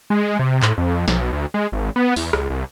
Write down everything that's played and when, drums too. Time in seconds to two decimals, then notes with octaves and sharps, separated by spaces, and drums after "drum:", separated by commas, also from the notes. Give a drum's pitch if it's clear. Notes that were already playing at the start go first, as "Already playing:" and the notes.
0.10 G#3
0.39 C3
0.62 A2, drum: clap
0.78 F2
1.08 B1, drum: snare
1.33 D2
1.54 G#3
1.72 G#1
1.96 B3
2.16 E2, drum: open hi-hat
2.33 C#2, drum: rim click
2.50 C2